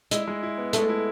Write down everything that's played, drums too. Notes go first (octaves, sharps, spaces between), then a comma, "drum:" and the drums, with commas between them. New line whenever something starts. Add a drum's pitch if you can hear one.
G#3 E4, drum: hi-hat
G#3
E4
B3
G#3 A3, drum: hi-hat
E4